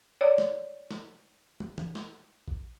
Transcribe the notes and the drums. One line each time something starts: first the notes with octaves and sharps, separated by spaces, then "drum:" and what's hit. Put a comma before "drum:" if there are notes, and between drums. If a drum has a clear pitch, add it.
C#5 D5
drum: snare
drum: snare
drum: tom
drum: tom
drum: snare
drum: kick